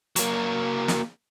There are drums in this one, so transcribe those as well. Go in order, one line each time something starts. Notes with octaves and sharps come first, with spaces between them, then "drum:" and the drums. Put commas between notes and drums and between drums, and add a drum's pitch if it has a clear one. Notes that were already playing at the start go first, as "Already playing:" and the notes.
F#3 A#3, drum: hi-hat
drum: snare